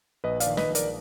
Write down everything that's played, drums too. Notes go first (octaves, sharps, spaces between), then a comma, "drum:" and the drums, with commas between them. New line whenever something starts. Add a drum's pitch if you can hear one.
A#1 B4 D#5
D5 F5, drum: hi-hat
D#3
B4 D#5, drum: snare
A#1
A#4 D5, drum: hi-hat